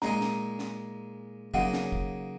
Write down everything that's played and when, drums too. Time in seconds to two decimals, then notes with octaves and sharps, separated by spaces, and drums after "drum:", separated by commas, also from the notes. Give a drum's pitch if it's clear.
0.02 A#2 G#3 D#4 A#5, drum: snare
0.21 drum: snare
0.59 drum: snare
1.54 C#3 F#3 A#3 D#4 F#5, drum: kick
1.73 drum: snare
1.92 drum: kick